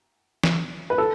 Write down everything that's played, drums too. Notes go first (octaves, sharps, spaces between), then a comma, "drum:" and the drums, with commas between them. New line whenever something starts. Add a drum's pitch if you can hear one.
drum: snare E3
B4
A4